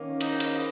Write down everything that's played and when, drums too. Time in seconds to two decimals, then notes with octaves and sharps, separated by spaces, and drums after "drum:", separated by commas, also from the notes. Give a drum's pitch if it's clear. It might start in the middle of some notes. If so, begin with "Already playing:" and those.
Already playing: D#3 A#3 C#4
0.20 D#4, drum: cymbal
0.40 drum: cymbal